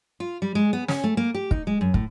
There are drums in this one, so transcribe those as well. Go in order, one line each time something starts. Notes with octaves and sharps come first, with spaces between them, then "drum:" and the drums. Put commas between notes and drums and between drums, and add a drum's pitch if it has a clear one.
F4
G3
G#3
B3
C#4, drum: snare
A3
A#3
G4
D#4, drum: kick
G#3
F#2
A2, drum: kick